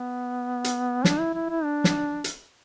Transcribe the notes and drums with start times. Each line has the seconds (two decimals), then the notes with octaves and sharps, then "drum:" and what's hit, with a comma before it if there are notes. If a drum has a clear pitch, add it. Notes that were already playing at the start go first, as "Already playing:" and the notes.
Already playing: B3
0.64 drum: hi-hat
1.05 D4, drum: snare
1.20 E4
1.34 E4
1.49 E4
1.64 D4
1.84 drum: snare
2.24 drum: hi-hat